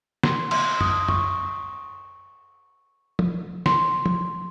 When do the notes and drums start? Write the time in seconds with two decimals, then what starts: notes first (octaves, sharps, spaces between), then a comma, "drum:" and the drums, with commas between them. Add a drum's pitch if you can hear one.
0.23 C6, drum: snare
0.51 C6, drum: cymbal
0.81 D#6, drum: tom
1.08 C#6, drum: tom
3.19 drum: tom
3.66 C6, drum: snare
4.06 drum: tom